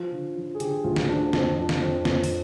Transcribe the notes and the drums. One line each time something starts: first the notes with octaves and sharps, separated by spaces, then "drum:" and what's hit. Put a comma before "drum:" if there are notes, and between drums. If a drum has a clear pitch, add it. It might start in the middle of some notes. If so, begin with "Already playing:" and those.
Already playing: F3 F4
D3
F3
G#4
D3 G4, drum: hi-hat
D2 F4
drum: snare
F3 D4
F2, drum: snare
F3
drum: snare
F2
F2, drum: snare
drum: open hi-hat